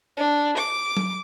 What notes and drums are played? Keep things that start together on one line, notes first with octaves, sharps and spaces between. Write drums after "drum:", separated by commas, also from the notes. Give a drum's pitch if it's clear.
D4
D6
drum: tom F#3